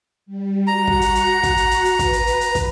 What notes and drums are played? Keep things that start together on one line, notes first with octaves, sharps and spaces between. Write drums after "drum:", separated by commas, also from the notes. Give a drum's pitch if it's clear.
G3
F#4 F#5 A#5
drum: kick
drum: hi-hat
drum: hi-hat
drum: kick, hi-hat
drum: hi-hat
drum: hi-hat
drum: hi-hat
B4, drum: kick, hi-hat
drum: hi-hat
drum: hi-hat
drum: hi-hat
drum: kick, hi-hat